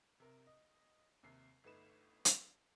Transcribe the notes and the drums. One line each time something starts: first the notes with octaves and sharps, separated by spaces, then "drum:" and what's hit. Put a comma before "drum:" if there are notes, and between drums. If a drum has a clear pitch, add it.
C3 A#4
D#5
D#2 C3 C7
G1 A3 D#4 B4 E7
drum: hi-hat